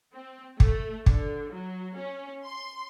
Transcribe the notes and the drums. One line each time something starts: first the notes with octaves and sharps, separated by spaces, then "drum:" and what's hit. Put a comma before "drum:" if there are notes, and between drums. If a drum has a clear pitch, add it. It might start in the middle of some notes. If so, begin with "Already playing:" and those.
C4
A3, drum: kick
D3, drum: kick
F#3
C#4
C6